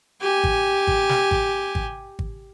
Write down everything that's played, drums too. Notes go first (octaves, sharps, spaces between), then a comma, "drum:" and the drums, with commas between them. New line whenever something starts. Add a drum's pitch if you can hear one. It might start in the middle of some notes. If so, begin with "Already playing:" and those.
G4 G#5
drum: kick G#1
drum: kick G#1
drum: snare
drum: kick G#1
drum: kick G#1
drum: kick G#1